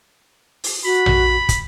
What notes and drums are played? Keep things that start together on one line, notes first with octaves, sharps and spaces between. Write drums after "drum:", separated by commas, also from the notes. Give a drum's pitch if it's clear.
drum: open hi-hat
F#4 B5
drum: tom A#1
drum: kick, hi-hat